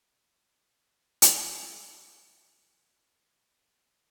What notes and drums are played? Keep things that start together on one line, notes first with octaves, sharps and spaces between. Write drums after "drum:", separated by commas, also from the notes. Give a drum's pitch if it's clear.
F4 A4
drum: hi-hat
A#3 G4
G3 C4
B2 G#4